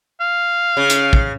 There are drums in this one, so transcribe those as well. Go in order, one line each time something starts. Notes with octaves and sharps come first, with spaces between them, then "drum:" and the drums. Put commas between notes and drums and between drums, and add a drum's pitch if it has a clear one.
F5
C#3
drum: hi-hat
drum: kick